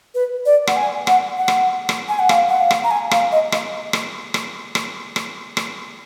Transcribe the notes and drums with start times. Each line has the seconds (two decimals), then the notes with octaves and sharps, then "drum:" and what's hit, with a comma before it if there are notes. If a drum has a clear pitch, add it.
0.15 B4
0.46 D5
0.67 F#5, drum: rim click
0.77 G#5
1.07 F#5, drum: rim click
1.38 F#5
1.48 drum: rim click
1.89 drum: rim click
2.09 G#5
2.19 F#5
2.29 F5, drum: rim click
2.49 F#5
2.61 F5
2.71 drum: rim click
2.84 A#5
2.91 G#5
3.11 F5, drum: rim click
3.32 D#5
3.52 drum: rim click
3.93 drum: rim click
4.34 drum: rim click
4.75 drum: rim click
5.16 drum: rim click
5.57 drum: rim click